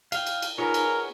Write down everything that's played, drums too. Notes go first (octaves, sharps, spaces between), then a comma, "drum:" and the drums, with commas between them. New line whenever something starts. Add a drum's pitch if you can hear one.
F5 G5, drum: cymbal
drum: cymbal
drum: cymbal
B3 D#4 F4 G#4 A#4 C#5 G#5
drum: cymbal